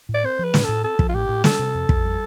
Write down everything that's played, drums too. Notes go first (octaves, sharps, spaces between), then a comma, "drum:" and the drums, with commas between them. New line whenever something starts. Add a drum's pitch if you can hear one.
A2
D5
C4 C5
F3 B4
A2, drum: snare
A2 A4
C4 A4
F3, drum: kick
F4
A2 G4
A2
G3 A4, drum: snare
C3
F2
F2, drum: kick
G3